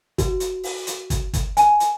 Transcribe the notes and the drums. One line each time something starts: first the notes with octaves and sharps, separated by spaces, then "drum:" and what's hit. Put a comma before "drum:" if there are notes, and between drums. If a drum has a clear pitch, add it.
F#4, drum: kick, hi-hat
drum: hi-hat
drum: open hi-hat
drum: hi-hat
drum: kick, hi-hat
drum: kick, hi-hat
G#5, drum: hi-hat
drum: hi-hat